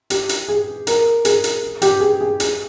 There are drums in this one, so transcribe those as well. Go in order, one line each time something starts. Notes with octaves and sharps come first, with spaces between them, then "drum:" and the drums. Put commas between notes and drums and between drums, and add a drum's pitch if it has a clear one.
G4, drum: hi-hat
drum: hi-hat
G#4
A#4, drum: hi-hat
G#4, drum: hi-hat
drum: hi-hat
G4, drum: hi-hat
G#4
G#4
G#4, drum: hi-hat